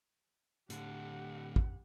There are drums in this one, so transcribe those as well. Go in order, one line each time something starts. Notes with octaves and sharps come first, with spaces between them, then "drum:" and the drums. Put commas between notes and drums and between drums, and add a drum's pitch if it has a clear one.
A2 D3 G4 F#5, drum: hi-hat
drum: kick